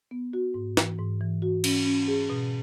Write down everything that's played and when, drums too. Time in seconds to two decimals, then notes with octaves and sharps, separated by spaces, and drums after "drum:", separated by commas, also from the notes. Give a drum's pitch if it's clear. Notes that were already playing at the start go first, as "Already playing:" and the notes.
0.11 B3
0.33 F#4
0.54 G#2
0.77 E3, drum: snare
0.98 G#2
1.21 E3
1.42 F#4
1.64 C#4, drum: cymbal
1.85 C#4
2.08 G#4
2.30 B2